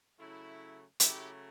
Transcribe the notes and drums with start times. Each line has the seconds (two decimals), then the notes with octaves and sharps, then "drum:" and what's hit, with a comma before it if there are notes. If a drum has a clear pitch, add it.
0.19 C#3 F#3 A3 E4
1.00 C#3 F#3 A3 E4 G4, drum: hi-hat